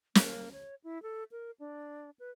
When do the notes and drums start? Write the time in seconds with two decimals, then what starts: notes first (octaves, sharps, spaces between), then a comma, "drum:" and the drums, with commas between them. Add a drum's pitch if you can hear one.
0.15 A#3, drum: snare
0.52 C#5
0.84 E4
1.03 A4
1.32 A#4
1.60 D4
2.19 B4